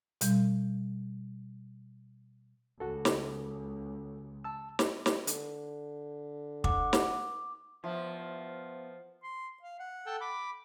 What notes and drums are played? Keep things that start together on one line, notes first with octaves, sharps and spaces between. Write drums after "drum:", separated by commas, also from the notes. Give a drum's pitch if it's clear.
B2 G3, drum: hi-hat
C#2 F#4 A4
drum: snare
A5 E6
drum: snare
drum: snare
D3, drum: hi-hat
F#5 D6, drum: kick
drum: snare
F3 B3 F4 E5
C6
F5
F#5
A4 G5 A5
B5 D6